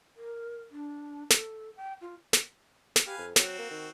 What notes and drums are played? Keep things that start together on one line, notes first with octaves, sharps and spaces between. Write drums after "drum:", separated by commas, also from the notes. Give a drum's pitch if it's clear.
A#4
D4
A4, drum: snare
G5
F4
drum: snare
drum: snare
G4 B4 F5 G#5
F2
F#3 C4 F#4, drum: snare
A#3
D#3